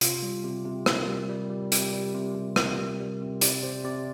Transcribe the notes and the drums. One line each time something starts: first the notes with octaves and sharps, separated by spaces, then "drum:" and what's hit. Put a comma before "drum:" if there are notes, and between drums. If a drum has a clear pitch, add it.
C3 F4, drum: hi-hat
G3
C3
C3
C3 A#4, drum: rim click
G3
G3
G3
C3 G4, drum: hi-hat
G3
C3
C3
C3 A#4, drum: rim click
G3
G3
C3
C3 D5, drum: hi-hat
C3 C5
C3 D5